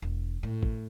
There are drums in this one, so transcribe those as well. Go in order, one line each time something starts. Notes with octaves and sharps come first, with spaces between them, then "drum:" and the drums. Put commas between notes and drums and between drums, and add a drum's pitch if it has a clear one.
E1
A2
drum: kick